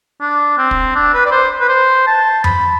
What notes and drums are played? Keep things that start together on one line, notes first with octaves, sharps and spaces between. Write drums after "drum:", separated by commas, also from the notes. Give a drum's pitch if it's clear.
D4
C4
drum: kick
D4
B4
D5
C5
B4
C5
A5
B5, drum: tom F2